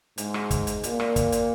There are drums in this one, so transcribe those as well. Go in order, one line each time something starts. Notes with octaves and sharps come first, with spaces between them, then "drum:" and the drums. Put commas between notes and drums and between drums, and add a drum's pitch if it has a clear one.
G#2, drum: hi-hat
drum: rim click
drum: kick, hi-hat
drum: hi-hat
A#2, drum: hi-hat
drum: rim click
drum: kick, hi-hat
drum: hi-hat